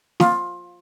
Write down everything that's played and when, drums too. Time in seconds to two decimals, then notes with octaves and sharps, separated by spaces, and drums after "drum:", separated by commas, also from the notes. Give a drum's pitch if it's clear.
0.20 F4, drum: snare